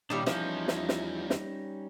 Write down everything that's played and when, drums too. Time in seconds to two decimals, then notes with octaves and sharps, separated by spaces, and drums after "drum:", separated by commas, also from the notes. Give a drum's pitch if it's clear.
0.10 A#2 D#3 G3 D4 E4 C#5
0.26 E2 F3 G3 C#4 D#4 E4, drum: snare
0.68 drum: snare
0.89 drum: snare
1.30 drum: snare